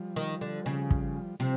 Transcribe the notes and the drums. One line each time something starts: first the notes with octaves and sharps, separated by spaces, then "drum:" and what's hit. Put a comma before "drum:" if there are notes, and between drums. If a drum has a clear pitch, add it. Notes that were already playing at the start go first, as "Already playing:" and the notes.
Already playing: F3 G3
D#3
D3
C#3
drum: kick
C3 F3 G3